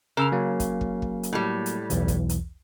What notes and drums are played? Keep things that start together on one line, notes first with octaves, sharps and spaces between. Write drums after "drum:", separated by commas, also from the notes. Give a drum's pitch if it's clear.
C#3 A#4 E6 F6
F#3 A#3
drum: kick, hi-hat
drum: kick
drum: kick
drum: hi-hat
A2 G3
drum: hi-hat
B1 E2 E3, drum: hi-hat
drum: kick, hi-hat
drum: hi-hat